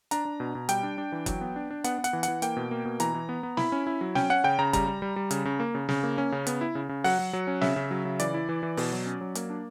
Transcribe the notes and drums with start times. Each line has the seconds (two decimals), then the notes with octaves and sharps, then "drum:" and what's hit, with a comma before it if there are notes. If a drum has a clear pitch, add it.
0.11 D4 A#5, drum: hi-hat
0.25 D4
0.40 B2
0.55 B2
0.69 G3 G5, drum: hi-hat
0.83 D4
0.98 D4
1.12 E3
1.26 F#3, drum: kick F#1, hi-hat
1.41 B3
1.56 D4
1.70 D4
1.84 B3 F#5, drum: hi-hat
1.99 B3
2.04 F#5, drum: hi-hat
2.13 E3
2.23 F#5, drum: hi-hat
2.28 E3
2.42 A#3 G5, drum: hi-hat
2.56 B2
2.71 A#3
2.85 B2
3.00 E3 A#5, drum: hi-hat
3.14 E3
3.29 B3
3.43 B3
3.57 E4 B5, drum: snare
3.72 C#4
3.87 E4
4.01 F#3
4.15 C#4 G5, drum: snare
4.30 C#4 F#5
4.44 C#3 G5
4.59 C#3 A#5
4.73 G3 A#5, drum: kick F#1, hi-hat
4.87 G3
5.02 G3
5.16 G3
5.31 C#3, drum: hi-hat
5.45 C#3
5.60 A#3
5.75 C#3
5.89 C#3, drum: snare
6.03 A#3
6.18 C#4
6.32 C#3
6.47 B3, drum: hi-hat
6.61 E4
6.75 C#3
6.89 C#3
7.04 F#3 F#5, drum: open hi-hat
7.19 F#3
7.33 F#3
7.47 C#4
7.61 C#3 E5, drum: snare
7.76 C#3
7.91 F#3
8.05 C#3
8.20 E3 D5, drum: hi-hat
8.34 E4
8.49 E3
8.63 E3
8.77 B2, drum: open hi-hat
8.92 F#3
9.06 C#4
9.21 F#3
9.35 A#3, drum: hi-hat
9.50 D4